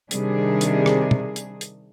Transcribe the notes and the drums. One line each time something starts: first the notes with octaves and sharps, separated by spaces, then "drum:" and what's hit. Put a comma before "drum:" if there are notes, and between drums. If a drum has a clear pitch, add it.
C3 D#3 G3 D4 G#4, drum: hi-hat
drum: hi-hat
drum: rim click
drum: tom
drum: hi-hat
drum: hi-hat